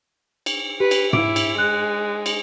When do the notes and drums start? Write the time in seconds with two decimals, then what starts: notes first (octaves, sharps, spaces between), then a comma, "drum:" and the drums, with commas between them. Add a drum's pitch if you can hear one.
0.46 drum: cymbal
0.80 G4 B4
0.91 drum: cymbal
1.13 E4 D6 D7, drum: tom G#2
1.36 drum: cymbal
1.58 G#3 F#6
2.26 drum: cymbal